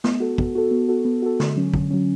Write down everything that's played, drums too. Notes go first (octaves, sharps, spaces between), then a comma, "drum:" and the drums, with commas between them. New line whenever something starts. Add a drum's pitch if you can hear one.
B3, drum: snare
F#4 A4
B3, drum: kick
F#4 A4
B3
F#4 A4
B3
F#4 A4
D3, drum: snare
F#3 C#4
D3, drum: kick
F#3 C#4